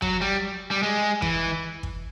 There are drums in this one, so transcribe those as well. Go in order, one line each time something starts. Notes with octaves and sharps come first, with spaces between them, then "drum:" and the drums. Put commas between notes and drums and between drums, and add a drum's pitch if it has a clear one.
F#3, drum: kick
G3
G3
G#3
E3, drum: kick
drum: kick